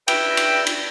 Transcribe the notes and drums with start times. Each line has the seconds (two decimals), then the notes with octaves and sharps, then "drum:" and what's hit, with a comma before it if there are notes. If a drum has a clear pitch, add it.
0.08 B4 E5 G5, drum: cymbal
0.37 drum: cymbal
0.67 drum: cymbal